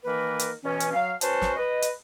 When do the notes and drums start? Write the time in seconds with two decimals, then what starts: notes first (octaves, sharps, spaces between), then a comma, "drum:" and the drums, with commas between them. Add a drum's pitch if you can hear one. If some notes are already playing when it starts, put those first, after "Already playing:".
0.05 D#3 E3 A#3 A#4 B4
0.39 drum: hi-hat
0.64 B2 E3 C#4
0.80 drum: hi-hat
0.94 F#3 F5
1.21 C#4 F#4 B4 C5 A5, drum: hi-hat
1.42 drum: snare
1.56 B4 D#5
1.82 drum: hi-hat